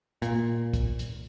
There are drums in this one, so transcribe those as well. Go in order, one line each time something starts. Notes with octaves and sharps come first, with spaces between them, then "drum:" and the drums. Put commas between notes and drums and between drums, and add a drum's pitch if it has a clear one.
A#2, drum: hi-hat
drum: kick, hi-hat
drum: hi-hat